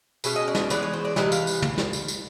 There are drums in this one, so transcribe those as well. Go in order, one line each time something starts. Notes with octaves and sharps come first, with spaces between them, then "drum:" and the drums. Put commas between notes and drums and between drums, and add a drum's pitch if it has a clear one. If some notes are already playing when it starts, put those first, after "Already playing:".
B2 G#3 C#4 E5, drum: tambourine
D#5
D5
D#5, drum: snare
D5
E3 G#3 B3 D5, drum: tambourine
C#5
C5
D5
C3 E3 D#5, drum: snare
F5, drum: tambourine
drum: tambourine
drum: tom
drum: snare
drum: tambourine
drum: tambourine